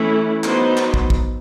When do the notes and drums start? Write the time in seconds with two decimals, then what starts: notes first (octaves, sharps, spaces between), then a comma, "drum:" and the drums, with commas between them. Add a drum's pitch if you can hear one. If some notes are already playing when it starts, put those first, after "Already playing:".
Already playing: E3 A3 C#4 E4
0.44 F#3 B3 D#4 C5, drum: clap
0.77 drum: clap
0.94 drum: kick
1.10 drum: kick